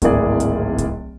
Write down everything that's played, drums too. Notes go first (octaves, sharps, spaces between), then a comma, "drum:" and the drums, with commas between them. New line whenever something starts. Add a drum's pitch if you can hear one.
D1 G#1 A#3 E4 G#4 D5, drum: kick C2, hi-hat
drum: hi-hat
drum: kick C2, hi-hat